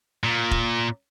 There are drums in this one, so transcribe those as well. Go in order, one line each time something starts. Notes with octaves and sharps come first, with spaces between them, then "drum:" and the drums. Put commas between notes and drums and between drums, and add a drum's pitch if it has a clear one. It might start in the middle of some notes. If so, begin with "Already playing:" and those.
A#2
drum: kick